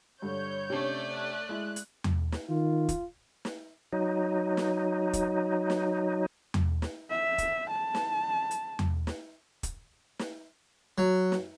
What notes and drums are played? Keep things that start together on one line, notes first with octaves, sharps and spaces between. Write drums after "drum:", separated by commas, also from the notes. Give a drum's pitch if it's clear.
G2 D3 C#5 G6
C3 A3 C#4 D4 D5
F#6
G#3 E4
drum: hi-hat
drum: tom E2
drum: snare
D#3 F4
drum: kick, hi-hat
drum: snare
F#3 D#4
drum: snare
drum: kick, hi-hat
drum: snare
drum: tom E2
drum: snare
E5
drum: kick, hi-hat
A5
drum: snare
drum: hi-hat
drum: tom E2
drum: snare
drum: kick, hi-hat
drum: snare
F#3
drum: snare